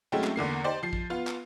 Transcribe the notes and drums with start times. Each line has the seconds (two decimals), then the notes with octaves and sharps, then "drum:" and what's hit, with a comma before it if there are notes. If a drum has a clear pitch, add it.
0.12 F#3 G#3 A3 C4 C#4 E4
0.24 drum: clap
0.36 E2 D3 A#3 C7
0.64 D#4 G4 C5 D5
0.83 F3 C7
0.93 drum: kick A1
1.10 B3 F4
1.27 drum: clap